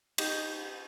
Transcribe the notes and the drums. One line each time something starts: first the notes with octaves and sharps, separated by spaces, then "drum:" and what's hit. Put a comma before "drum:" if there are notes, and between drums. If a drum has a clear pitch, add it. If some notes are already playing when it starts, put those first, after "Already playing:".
D#4 G4 D#5, drum: cymbal